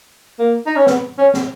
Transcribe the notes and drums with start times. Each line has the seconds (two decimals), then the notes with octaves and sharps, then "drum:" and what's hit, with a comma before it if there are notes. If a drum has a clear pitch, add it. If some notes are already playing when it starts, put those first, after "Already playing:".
0.39 A#3
0.66 D#4
0.76 C#4
0.87 B3, drum: snare
1.18 C#4
1.34 drum: snare